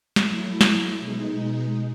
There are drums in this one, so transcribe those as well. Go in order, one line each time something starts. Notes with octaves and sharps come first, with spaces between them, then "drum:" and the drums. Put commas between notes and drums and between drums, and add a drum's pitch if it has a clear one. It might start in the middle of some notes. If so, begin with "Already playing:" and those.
F#3 A3 E4, drum: snare
drum: snare
B2 G#3 D#4